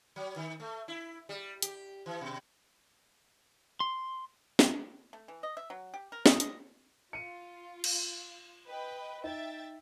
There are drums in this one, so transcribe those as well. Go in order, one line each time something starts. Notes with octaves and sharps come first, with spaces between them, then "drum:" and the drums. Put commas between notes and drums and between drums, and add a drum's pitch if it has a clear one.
F#3
D#3
A3
E4
G3
G4, drum: hi-hat
E3
B2
C6
drum: snare
A3
E3
D#5
E5
F#3
G4
A#4
D#5, drum: snare
D#5, drum: hi-hat
F4 C#7 D#7
drum: cymbal
B4 D#5 G5
D#4 E5 G5 A6